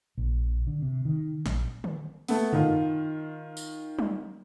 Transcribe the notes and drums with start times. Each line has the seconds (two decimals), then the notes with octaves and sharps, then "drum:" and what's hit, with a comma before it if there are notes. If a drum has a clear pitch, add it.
0.18 A#1
0.67 D3
0.82 C3
1.05 D#3
1.46 A#1, drum: snare
1.84 drum: tom D3
2.28 A3 B3, drum: open hi-hat
2.53 D#3 F4, drum: tom F#2
3.57 drum: tambourine
3.99 drum: tom F#3